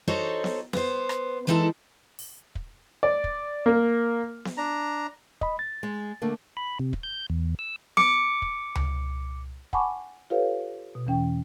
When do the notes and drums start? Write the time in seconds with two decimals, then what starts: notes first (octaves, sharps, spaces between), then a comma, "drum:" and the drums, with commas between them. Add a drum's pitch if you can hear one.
0.08 D#4 F#4 A4 C5 C#5 D#5
0.44 drum: snare B3
0.73 B3 C5, drum: snare B3
1.09 drum: rim click
1.47 E3 G#3 D#4 E4 A4 A5
2.19 drum: open hi-hat
2.55 drum: kick
3.03 D5
3.24 drum: kick
3.66 A#3
4.45 drum: snare B3
4.58 D4 A#5
5.41 D#5 B5, drum: kick
5.59 A6
5.83 G#3
6.22 D3 A3 A#3
6.57 B5
6.79 C3
6.93 drum: kick
7.03 G6
7.30 E2
7.59 E6
7.97 D6 C#7, drum: snare B3
8.42 drum: kick
8.75 drum: tom C#2
9.73 F#5 G#5 A5 B5 C#6 D6, drum: kick
10.30 F4 G4 A4 B4 C#5 F5
10.95 B2
11.07 E2 E3 C#4 G5